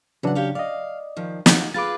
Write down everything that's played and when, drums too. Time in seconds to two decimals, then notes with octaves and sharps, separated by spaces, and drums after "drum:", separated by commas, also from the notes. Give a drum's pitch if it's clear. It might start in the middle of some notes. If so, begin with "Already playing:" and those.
0.23 C#3 E3 F#3 D4 F#5
0.35 G4 C#5 F5
0.55 D5 D#5 F5
1.17 D#3 F3
1.46 D#4 F4 F#4, drum: snare
1.74 F4 G#4 B4 D6 A6